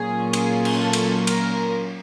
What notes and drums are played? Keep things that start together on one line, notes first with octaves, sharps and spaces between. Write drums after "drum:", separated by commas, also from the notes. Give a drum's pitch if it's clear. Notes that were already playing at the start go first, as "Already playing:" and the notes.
Already playing: A#2 F#3 A#3 C#4 F4 G#4
G#4, drum: cymbal
drum: cymbal
A4
drum: cymbal
A#4, drum: cymbal